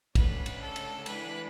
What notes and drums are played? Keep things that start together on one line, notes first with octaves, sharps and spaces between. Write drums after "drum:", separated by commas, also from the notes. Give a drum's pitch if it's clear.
C#3 G#3 D4 B4, drum: kick, cymbal
drum: cymbal
A4
drum: cymbal
E3 G#3 D4 B4, drum: cymbal